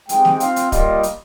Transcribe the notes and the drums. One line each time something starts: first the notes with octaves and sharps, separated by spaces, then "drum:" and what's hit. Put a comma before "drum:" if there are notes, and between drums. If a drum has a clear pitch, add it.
G#3 C4 D#4 G4 G5, drum: hi-hat
drum: snare
C4 F4 F5, drum: hi-hat
drum: hi-hat
G3 A#3 F4 D#5, drum: kick, hi-hat
drum: hi-hat